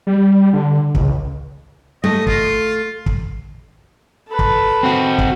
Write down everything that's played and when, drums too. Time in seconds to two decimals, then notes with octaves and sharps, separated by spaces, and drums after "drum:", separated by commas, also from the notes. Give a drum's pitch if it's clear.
0.07 G3
0.53 D3
0.95 C#2, drum: kick
2.04 A3 D#5
2.27 F4, drum: kick
3.06 drum: kick
4.28 A4 B4
4.39 drum: kick
4.83 C4 F#4
5.18 drum: kick